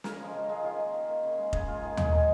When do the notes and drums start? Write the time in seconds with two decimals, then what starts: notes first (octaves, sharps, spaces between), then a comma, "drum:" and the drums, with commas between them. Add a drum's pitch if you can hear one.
0.04 C#3 A#4, drum: snare
0.19 F3 G#3
0.34 C#3
0.49 F3 G#3
0.63 D#3 F4
0.78 A#3
0.93 D#3
1.08 A#3
1.23 C#3
1.38 G#3
1.53 C#3 G#4, drum: kick F1
1.68 G#3 F4
1.82 D#3 G#4
1.97 G#3 G#4, drum: tom D#2
2.12 D#3 D#4